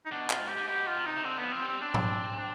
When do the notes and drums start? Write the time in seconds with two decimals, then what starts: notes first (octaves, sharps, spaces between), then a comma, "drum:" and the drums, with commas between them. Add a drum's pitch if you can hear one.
0.05 D#4
0.11 B2 D4
0.30 F4, drum: clap
0.39 G#2
0.48 G4
0.57 G#2
0.67 B2 G4
0.87 F4
0.96 C3
1.06 D#4
1.16 C3
1.24 D3 C4
1.38 F3 B3
1.52 C4
1.62 G3 C4
1.81 C4 D4
1.94 drum: tom G#2
2.37 D4